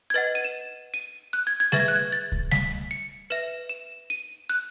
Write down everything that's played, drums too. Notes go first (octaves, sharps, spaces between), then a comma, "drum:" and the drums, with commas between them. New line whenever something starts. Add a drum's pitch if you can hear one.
G#6
B4 D#5 F#5 A6
D#7
E7
D#7
F#6
G#6
G#6
G#4 B4 E5 A6, drum: snare G3
G#6
F#6
G#6
A6
drum: kick C2
B6, drum: snare G3
C#7
B4 E5 E7
E7
D#7
F#6